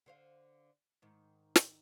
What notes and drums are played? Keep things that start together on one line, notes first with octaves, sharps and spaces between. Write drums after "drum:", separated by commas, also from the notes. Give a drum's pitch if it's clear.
D3 C5 F5
G#2 D#3
drum: snare